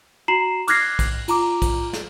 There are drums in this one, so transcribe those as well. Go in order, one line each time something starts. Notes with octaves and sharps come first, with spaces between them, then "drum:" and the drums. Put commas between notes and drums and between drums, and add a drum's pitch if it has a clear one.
F#4 A#5 C7 E7 F#7
D6 F6 F#6 G#6 A#6 C7, drum: cymbal
drum: kick, cymbal
F4 A#5 D6, drum: cymbal
drum: kick, cymbal
drum: snare